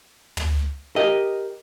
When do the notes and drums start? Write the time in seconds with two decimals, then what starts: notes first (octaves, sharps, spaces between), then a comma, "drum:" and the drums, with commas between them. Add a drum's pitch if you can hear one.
0.37 drum: tom
0.96 G4 A#4 D#5